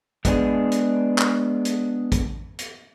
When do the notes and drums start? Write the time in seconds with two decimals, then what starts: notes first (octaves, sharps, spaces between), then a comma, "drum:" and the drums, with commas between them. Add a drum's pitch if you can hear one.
0.25 G#3 B3 D4 G#4, drum: kick, hi-hat
0.72 drum: hi-hat
1.18 drum: clap
1.65 drum: hi-hat
2.12 drum: kick, hi-hat
2.59 drum: hi-hat